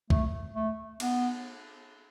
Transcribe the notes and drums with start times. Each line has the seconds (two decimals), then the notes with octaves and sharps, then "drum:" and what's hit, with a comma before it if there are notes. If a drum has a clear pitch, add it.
0.10 A3, drum: kick C2
0.55 A3
1.00 B3, drum: cymbal